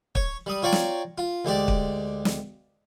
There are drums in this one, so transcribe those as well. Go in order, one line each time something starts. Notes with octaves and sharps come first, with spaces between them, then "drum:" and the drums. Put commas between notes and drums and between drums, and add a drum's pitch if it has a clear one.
C#5, drum: kick
G3 D#6
F4 C#5 D5 G5 A#5
drum: snare
F4
D2 G#3 G4 D5
drum: kick
drum: snare